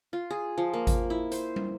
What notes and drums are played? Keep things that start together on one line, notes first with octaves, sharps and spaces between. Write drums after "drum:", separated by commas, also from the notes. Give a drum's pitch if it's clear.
F4
G#4
F3
A#3
drum: kick G#1, hi-hat
E4
C5, drum: hi-hat
drum: tom